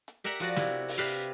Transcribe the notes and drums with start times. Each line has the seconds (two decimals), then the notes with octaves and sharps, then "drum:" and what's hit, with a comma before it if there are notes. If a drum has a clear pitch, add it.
0.08 drum: hi-hat
0.24 G4 A#4 E5 F#5 A#5
0.40 F3 F#4 D5
0.56 C3 E4, drum: snare
0.88 drum: open hi-hat
0.98 C3 G4 B4 C5 F5